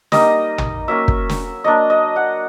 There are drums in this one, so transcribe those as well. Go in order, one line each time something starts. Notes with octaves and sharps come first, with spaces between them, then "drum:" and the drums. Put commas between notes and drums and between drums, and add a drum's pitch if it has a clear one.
G3 A#3 D#4 D#5, drum: snare
drum: tom
F#3 A#3 C#4 E5
drum: kick
drum: snare
F#3 A#3 D4 D#5
D#5
F#5